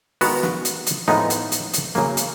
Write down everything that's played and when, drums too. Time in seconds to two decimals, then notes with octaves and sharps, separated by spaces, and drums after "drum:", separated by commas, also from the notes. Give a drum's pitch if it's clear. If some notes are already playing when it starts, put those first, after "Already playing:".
0.21 D#3 G#3 B3 F#4, drum: open hi-hat
0.43 drum: snare
0.65 drum: hi-hat
0.86 drum: hi-hat
1.08 A2 F3 G#3 B3 D#4, drum: snare
1.30 drum: hi-hat
1.52 drum: hi-hat
1.73 drum: hi-hat
1.95 C#3 F#3 A#3, drum: snare
2.17 drum: hi-hat